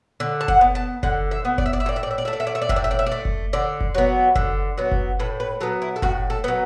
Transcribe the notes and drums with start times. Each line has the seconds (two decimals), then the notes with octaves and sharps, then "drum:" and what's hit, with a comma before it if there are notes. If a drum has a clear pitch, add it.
0.20 D3
0.41 A5
0.48 F#5, drum: kick F#1
0.61 B3
0.75 A5
1.03 D3 F#5, drum: kick F#1
1.31 E5
1.45 B3
1.58 D5, drum: kick F#1
1.66 E5
1.73 D5
1.80 E5
1.86 A2 D5
1.96 E5
2.03 D5
2.11 E5
2.18 D5
2.25 E5
2.28 A3
2.33 D5
2.40 E5
2.47 D5
2.55 E5
2.62 D5
2.69 A2 E5, drum: kick F#1
2.76 D5
2.84 E5
2.91 D5
2.99 E5
3.06 D5
3.12 A3
3.25 drum: kick F#1
3.53 D3 D5
3.81 drum: kick F#1
3.95 F#3 B3
4.36 D3, drum: kick F#1
4.77 F#3 B3
4.92 drum: kick F#1
5.20 A2 B4
5.40 B4
5.61 F#3 B3 A4
5.82 E4
5.96 A4
6.02 A2 F#4, drum: kick F#1
6.30 A4
6.44 F#3 B3